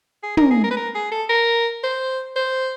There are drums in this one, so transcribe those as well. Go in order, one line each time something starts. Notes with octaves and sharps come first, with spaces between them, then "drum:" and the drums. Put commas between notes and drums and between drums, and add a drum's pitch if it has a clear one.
G#4
A#4, drum: tom
G#4
A#4
B4
A#4
G#4
A4
A#4
C5
C5